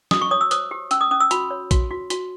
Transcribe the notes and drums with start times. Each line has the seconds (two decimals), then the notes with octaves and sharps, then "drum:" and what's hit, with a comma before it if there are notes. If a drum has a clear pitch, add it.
0.11 F#4 D#6, drum: snare
0.21 C#6
0.31 C#5 D#6
0.41 E6
0.51 C5 D#6, drum: hi-hat
0.71 G4
0.91 C#4 E6, drum: hi-hat
1.01 D#6
1.11 C#4 D#6
1.20 E6
1.31 F#4 B5, drum: hi-hat
1.51 C#5
1.71 F#4, drum: kick A#1, hi-hat
1.91 F#4
2.10 F#4, drum: hi-hat